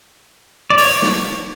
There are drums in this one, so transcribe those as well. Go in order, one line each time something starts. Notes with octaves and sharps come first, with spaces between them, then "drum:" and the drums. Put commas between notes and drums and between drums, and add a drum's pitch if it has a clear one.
D5
C#5, drum: open hi-hat
drum: snare